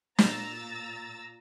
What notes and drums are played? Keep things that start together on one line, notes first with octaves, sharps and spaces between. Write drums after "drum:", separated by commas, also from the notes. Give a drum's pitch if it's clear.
A#2 A#5 E6 A6, drum: snare